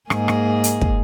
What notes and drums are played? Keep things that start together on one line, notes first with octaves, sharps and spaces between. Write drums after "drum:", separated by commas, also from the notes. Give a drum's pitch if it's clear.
G#2 A#3 G#4, drum: rim click
drum: rim click
drum: hi-hat
drum: kick